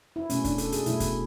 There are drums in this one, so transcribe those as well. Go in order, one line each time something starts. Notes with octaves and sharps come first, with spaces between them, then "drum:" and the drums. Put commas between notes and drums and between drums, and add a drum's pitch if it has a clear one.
E4
B2 A3 C#4, drum: hi-hat
D4, drum: kick, hi-hat
A4, drum: hi-hat
G#4, drum: hi-hat
B2 F#3 A3 E4, drum: hi-hat
drum: kick, hi-hat